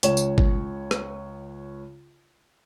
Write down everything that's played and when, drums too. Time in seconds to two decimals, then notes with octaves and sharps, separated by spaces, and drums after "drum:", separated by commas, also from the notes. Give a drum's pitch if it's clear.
0.03 C#2 C#5 E7, drum: hi-hat
0.17 drum: tambourine
0.38 drum: kick G1
0.91 drum: rim click